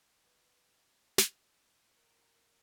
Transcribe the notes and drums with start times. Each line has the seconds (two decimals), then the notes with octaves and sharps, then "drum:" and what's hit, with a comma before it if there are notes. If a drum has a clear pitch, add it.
0.25 G#3 B3
1.18 drum: snare
1.96 A#2 F#3 A#4 G5